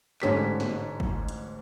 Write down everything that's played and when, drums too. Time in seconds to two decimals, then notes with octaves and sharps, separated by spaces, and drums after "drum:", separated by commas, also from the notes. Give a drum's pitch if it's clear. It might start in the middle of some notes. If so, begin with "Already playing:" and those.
0.22 A1 G#2 D3 C#4 G4 B6, drum: clap
0.60 drum: snare
1.00 drum: kick G1
1.29 drum: hi-hat